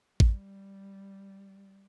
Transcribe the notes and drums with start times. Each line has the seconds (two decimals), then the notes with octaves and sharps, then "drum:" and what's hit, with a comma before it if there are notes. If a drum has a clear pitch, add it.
0.20 G3, drum: kick A1